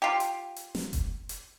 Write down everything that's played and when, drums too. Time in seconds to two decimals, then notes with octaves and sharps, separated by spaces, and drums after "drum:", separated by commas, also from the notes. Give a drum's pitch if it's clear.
0.02 F4 G4
0.20 drum: hi-hat
0.56 drum: hi-hat
0.75 drum: snare
0.93 drum: kick F1, hi-hat
1.29 drum: hi-hat